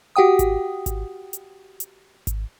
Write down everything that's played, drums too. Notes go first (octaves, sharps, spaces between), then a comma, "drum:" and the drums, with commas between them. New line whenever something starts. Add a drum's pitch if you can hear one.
F#4 G4 F#5 G5 D#6
drum: kick G#1, hi-hat
drum: kick G#1, hi-hat
drum: hi-hat
drum: hi-hat
drum: kick G#1, hi-hat